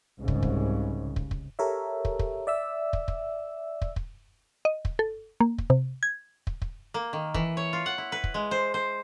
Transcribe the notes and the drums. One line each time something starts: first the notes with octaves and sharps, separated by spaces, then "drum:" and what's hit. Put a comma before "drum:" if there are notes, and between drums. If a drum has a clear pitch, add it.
C2 G#2 C#3
drum: kick
drum: kick
drum: kick
drum: kick
G4 A4 A#4 C#5 E5
drum: kick
drum: kick
D5 E5 E6
drum: kick
drum: kick
drum: kick
drum: kick
D#5
drum: kick
A4
A#3
drum: kick
C3
G#6
drum: kick
drum: kick
A#3
D#3
E3, drum: kick
C#5
F4
F#5
E4
B4
drum: kick
G#3
C5
C5